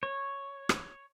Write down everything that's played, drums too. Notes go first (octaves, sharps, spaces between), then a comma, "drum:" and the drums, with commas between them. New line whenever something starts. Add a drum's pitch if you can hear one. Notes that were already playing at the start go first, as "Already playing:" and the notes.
C#5
drum: rim click